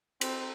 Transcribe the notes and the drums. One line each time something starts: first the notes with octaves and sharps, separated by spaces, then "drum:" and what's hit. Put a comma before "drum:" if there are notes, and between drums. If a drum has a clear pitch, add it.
C4, drum: cymbal